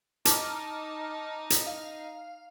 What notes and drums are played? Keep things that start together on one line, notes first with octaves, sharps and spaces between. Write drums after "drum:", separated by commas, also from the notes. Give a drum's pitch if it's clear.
D#4 A5 D6 F6, drum: hi-hat
drum: hi-hat
F5